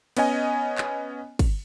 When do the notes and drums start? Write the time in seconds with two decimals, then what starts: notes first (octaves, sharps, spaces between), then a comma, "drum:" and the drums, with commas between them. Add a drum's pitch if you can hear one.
0.17 B3 C#4 D#5 G#5, drum: cymbal
0.78 drum: clap
1.39 drum: kick, cymbal